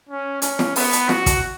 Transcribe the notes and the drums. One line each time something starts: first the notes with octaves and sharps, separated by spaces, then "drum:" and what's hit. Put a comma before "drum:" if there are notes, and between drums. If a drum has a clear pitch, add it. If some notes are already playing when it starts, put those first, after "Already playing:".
C#4
C#4, drum: hi-hat
drum: snare
B3, drum: open hi-hat
drum: hi-hat
F#4, drum: snare
drum: kick, hi-hat